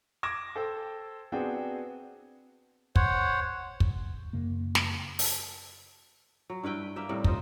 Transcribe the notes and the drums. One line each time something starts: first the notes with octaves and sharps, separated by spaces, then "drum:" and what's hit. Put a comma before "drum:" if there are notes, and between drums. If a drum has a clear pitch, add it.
D6 G#6 A#6 E7
A4 C5 G5
B3 C4 D4 F#4 G#4 G5
C5 C#5 F#5, drum: kick
drum: kick
F#2 C#3 A#3
drum: snare
drum: open hi-hat
F#3
G2 E4 B4 G5
A#3 E5 G5
A2 C3 G3
D#4 F4 C5, drum: kick